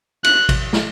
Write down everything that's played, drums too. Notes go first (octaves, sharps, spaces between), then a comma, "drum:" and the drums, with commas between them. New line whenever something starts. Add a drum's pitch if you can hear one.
F#6, drum: cymbal
drum: kick G#1, cymbal
drum: snare